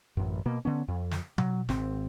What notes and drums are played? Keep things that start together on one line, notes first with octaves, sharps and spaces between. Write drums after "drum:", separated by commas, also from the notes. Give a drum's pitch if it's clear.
A1 F#2
B2 A#3
D3 B3 C#4
F2
drum: snare
F#3, drum: tom B2
G#1 C4, drum: snare